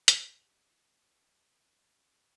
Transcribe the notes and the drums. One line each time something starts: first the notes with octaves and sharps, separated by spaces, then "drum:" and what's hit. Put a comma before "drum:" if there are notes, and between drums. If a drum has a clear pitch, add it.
drum: hi-hat
F#4 C#5 A5 F#6